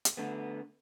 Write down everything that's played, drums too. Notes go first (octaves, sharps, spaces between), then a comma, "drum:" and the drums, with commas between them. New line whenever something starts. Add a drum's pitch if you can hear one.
drum: hi-hat
D3 A3 B3